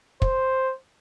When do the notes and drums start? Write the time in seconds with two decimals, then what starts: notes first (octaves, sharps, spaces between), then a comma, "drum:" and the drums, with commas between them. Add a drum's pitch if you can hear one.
0.22 C5, drum: kick